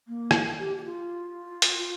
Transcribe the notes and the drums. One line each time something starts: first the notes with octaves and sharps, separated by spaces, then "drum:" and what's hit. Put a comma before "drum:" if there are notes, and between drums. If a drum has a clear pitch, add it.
A#3
drum: rim click
G4
G4
F4
drum: hi-hat